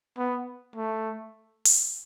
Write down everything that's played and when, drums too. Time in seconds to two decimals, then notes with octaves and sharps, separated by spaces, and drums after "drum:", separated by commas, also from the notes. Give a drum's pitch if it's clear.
0.18 B3
0.76 A3
1.65 drum: open hi-hat